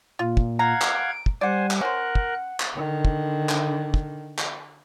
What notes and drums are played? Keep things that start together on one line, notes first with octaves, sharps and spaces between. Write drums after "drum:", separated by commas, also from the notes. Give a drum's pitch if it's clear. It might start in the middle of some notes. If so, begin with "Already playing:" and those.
A#2 F4
drum: kick
F5 F#5 A#5 G#6
drum: clap
D7
drum: kick
G3 C5 D5 F#5 G#5
drum: clap
C#4 A#4 C5 F#5 F#6
drum: kick
drum: clap
D3 D#3
drum: kick
drum: clap
drum: kick
drum: clap